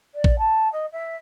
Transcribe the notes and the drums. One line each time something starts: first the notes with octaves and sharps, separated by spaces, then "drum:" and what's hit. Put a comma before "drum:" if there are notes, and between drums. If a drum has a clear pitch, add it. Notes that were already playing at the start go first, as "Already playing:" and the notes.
D5
drum: kick A1
A5
D#5
E5